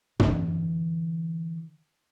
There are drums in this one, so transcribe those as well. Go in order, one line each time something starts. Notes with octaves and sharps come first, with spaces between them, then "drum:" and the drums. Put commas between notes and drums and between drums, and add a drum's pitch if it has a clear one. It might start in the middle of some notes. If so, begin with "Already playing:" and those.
D3 E3, drum: tom